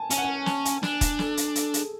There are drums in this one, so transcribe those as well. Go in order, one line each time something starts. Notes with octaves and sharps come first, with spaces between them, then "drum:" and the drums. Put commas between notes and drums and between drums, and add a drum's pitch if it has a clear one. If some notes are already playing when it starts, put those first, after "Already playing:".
Already playing: G#5 A5
C#4 G#5, drum: hi-hat
F#5
G#5
A5, drum: snare
G#5, drum: hi-hat
D4, drum: snare
drum: kick, hi-hat
A4, drum: snare
drum: hi-hat
A4, drum: hi-hat
G#4, drum: hi-hat